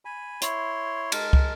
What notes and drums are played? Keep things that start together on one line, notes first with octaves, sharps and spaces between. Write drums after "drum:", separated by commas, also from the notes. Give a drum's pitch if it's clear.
G#5 B5
E4 C#5 C6, drum: hi-hat
G#3 A#4 A5, drum: cymbal
drum: kick